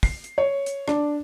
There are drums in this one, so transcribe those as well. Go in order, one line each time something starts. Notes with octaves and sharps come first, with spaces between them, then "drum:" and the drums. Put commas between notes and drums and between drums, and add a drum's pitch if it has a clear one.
C7, drum: kick, open hi-hat
drum: hi-hat
C#5
drum: hi-hat
D4, drum: rim click